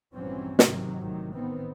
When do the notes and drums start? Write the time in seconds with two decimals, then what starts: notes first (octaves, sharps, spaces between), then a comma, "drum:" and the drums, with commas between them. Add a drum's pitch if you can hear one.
0.13 A#1 G2 E3 F#3 C4 C#4
0.59 G#2 C3 D#3 F#3, drum: snare
1.01 A1 C3 D#3 F#3
1.34 D#3 B3 C4